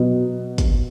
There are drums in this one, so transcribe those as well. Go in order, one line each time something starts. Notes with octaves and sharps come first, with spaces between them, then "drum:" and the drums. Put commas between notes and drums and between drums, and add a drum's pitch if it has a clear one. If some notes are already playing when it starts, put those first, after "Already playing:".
Already playing: B2 F#3 B3
drum: kick, hi-hat